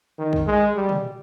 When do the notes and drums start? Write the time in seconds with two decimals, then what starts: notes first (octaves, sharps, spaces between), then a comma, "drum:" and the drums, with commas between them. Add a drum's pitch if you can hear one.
0.19 D#3
0.33 drum: kick
0.47 G#3
0.75 G3
0.89 drum: tom